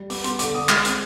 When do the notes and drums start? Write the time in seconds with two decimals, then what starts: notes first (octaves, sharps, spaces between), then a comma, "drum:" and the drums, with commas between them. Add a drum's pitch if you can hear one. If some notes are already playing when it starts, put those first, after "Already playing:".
Already playing: G3
0.10 B3 D6, drum: open hi-hat
0.24 B3 C6, drum: hi-hat
0.39 D3 D6, drum: hi-hat
0.54 D3 D#6
0.69 G#3, drum: clap
0.85 C4, drum: hi-hat